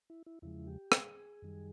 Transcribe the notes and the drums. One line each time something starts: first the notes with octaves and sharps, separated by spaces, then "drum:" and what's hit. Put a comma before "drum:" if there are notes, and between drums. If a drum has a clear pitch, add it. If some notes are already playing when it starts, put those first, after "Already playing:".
E4
E4
E2 C#3 F3 G#3 E4
G4
G#4, drum: rim click
F#2 D#3 G3